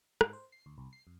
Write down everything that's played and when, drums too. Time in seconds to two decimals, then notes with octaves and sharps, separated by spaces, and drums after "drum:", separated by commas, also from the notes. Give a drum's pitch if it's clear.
0.21 G#2, drum: rim click
0.33 C5
0.52 C7
0.66 D2
0.78 C2
0.93 C7
1.07 F2